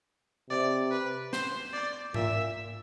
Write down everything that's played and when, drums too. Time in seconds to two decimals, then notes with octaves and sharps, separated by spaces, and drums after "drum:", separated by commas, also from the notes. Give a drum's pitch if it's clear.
0.50 C3 D5
0.91 B4
1.33 C5, drum: snare
1.73 D5
2.14 A#2 E5, drum: tom G#2